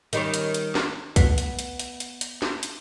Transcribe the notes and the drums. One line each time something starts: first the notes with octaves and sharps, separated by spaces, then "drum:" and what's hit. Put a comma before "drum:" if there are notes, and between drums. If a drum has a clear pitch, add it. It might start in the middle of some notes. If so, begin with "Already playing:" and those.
D#3 G3 C#4, drum: hi-hat
drum: hi-hat
drum: hi-hat
drum: snare
B3, drum: kick, hi-hat
drum: hi-hat
drum: hi-hat
drum: hi-hat
drum: hi-hat
drum: hi-hat
drum: snare
drum: hi-hat